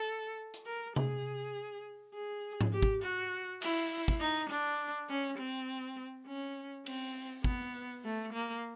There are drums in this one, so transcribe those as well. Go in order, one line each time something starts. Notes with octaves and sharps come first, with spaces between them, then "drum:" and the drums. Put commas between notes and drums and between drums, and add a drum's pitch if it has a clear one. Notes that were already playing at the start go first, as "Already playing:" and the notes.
Already playing: A4
drum: hi-hat
A#4
G#4, drum: tom C3
G#4
drum: tom G#2
G4
drum: kick
F#4
E4, drum: cymbal
drum: kick
D#4
D4
C#4
C4
C#4
C4, drum: cymbal
B3, drum: kick
A3
A#3